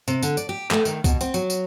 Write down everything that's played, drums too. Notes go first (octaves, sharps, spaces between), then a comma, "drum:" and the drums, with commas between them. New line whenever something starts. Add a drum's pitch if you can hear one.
C3, drum: tambourine
D3, drum: tambourine
D5, drum: tambourine
G4
A3, drum: clap
D#3, drum: tambourine
B2, drum: kick C2, tambourine
C4, drum: tambourine
F#3, drum: tambourine
drum: tambourine